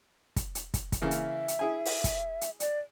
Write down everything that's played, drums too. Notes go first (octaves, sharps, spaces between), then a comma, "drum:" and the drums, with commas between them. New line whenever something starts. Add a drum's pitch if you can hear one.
drum: kick, hi-hat
drum: hi-hat
drum: kick, hi-hat
drum: kick, hi-hat
C#3 E3 A#3 E5
drum: hi-hat
drum: hi-hat
E4 G#4 G#5
drum: open hi-hat
drum: kick, hi-hat
drum: hi-hat
D5, drum: hi-hat